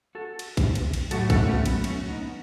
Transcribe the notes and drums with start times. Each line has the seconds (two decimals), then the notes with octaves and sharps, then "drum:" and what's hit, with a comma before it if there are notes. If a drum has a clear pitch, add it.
0.15 F#4 A4
0.39 drum: cymbal
0.57 drum: kick, cymbal
0.75 drum: cymbal
0.93 drum: cymbal
1.11 A2 F#3 A3 F#4 A4, drum: cymbal
1.30 F#4 A4, drum: kick, cymbal
1.48 A3 C#4
1.66 B3, drum: cymbal
1.84 A3 C#4, drum: cymbal
2.08 B3 D#4